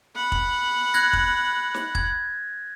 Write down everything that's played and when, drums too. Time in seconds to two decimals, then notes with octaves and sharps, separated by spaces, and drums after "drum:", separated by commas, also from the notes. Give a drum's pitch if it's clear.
0.16 F#5 B5
0.32 drum: kick
0.94 F#6 G#6 A#6
1.13 drum: kick
1.74 drum: snare
1.95 G#6, drum: kick